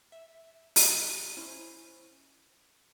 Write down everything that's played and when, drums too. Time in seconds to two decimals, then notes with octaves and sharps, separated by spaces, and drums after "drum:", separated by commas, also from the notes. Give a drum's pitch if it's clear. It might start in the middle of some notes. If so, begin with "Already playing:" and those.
0.12 E5
0.76 drum: open hi-hat
1.37 C#4 E4 C5